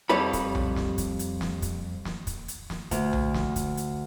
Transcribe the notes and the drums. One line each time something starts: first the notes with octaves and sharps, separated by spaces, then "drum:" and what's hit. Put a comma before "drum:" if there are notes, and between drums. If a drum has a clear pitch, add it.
F2 G3 A4 C#5 B5
drum: kick, hi-hat
drum: tom B1
drum: snare
drum: kick, hi-hat
drum: hi-hat
drum: snare
drum: kick, hi-hat
drum: snare
drum: kick, hi-hat
drum: hi-hat
drum: snare
D2, drum: kick, hi-hat
drum: tom B1
drum: snare
drum: kick, hi-hat
drum: hi-hat